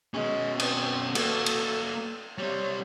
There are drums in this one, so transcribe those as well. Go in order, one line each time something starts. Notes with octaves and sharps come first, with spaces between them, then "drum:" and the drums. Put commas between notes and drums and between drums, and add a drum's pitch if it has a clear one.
B2 G#3 C#4
C4, drum: cymbal
A#3 F#4 A4, drum: cymbal
drum: cymbal
G3 C4 C#5